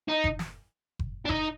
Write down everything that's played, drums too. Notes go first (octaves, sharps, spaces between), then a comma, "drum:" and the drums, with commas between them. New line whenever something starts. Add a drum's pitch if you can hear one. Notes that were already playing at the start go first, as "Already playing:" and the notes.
D#4
drum: kick F#1
drum: snare
drum: kick F#1
D4
D#4, drum: kick F#1